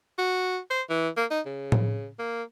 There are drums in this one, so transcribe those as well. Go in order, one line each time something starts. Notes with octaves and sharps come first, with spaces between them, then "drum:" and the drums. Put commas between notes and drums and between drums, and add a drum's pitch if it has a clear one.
F#4
C5
E3
A#3
D#4
C#3
drum: tom A2
A#3